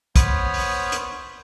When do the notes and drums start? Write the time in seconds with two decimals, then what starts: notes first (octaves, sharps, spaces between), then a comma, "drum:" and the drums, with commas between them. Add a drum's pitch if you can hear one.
0.16 B3 C5 C#5 B5 D#6 F6, drum: kick, hi-hat
0.54 drum: open hi-hat
0.92 drum: hi-hat